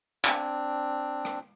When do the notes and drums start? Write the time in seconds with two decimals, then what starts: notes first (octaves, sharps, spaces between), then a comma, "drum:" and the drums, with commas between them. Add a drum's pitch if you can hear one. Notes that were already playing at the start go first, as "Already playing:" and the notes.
0.24 C4 D4, drum: clap
1.25 drum: rim click